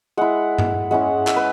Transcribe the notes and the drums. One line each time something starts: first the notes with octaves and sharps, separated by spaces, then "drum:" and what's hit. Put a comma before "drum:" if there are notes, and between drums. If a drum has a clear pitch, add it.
G#3 E4 F#5
drum: tom G2
G#3 C#4 E4 F#5
E5, drum: clap
B4